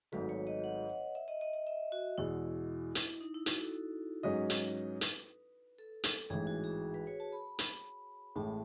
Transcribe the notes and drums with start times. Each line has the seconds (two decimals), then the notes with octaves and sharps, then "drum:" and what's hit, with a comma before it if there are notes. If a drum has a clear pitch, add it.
0.12 G#1 G#2 F#3 A3 B4
0.29 C#5
0.47 D#5
0.64 F#5
0.90 F#5
1.15 E5
1.28 D#5
1.41 D#5
1.54 D#5
1.67 E5
1.92 F#4
2.18 E2 B2 G#3 E4
2.95 drum: hi-hat
3.21 D#4
3.34 E4
3.46 F#4, drum: hi-hat
3.60 A4
4.23 G#2 F#3 C#4 G#4 B4 D#5
4.50 drum: hi-hat
5.01 drum: hi-hat
5.79 A4
6.04 A4, drum: hi-hat
6.30 A1 G#2 E3 G#4
6.47 F#4
6.64 G#4
6.94 B4
7.07 C#5
7.20 A5
7.32 B5
7.59 drum: hi-hat
8.36 A1 A2 G#3 A5